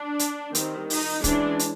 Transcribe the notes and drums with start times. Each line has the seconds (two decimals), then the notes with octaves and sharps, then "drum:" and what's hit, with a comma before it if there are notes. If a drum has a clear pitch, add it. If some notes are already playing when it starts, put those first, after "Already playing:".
Already playing: D4
0.19 drum: hi-hat
0.55 D#3 G3 C4, drum: hi-hat
0.90 D#4, drum: open hi-hat
1.24 E3 G#3 C#4 D4, drum: kick, hi-hat
1.59 drum: hi-hat